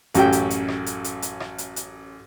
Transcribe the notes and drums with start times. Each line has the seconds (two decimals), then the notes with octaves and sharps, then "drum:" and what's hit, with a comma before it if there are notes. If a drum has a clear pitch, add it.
0.14 A1 F#2 F#4 G4 G5, drum: hi-hat
0.32 drum: hi-hat
0.50 drum: hi-hat
0.68 drum: rim click
0.86 drum: hi-hat
1.04 drum: hi-hat
1.22 drum: hi-hat
1.40 drum: rim click
1.58 drum: hi-hat
1.76 drum: hi-hat